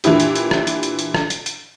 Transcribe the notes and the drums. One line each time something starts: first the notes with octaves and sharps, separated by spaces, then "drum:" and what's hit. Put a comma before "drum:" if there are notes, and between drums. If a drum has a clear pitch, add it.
A#2 E3 D4 E4 G4, drum: hi-hat
drum: hi-hat
drum: hi-hat
drum: rim click
drum: hi-hat
drum: hi-hat
drum: hi-hat
drum: rim click
drum: hi-hat
drum: hi-hat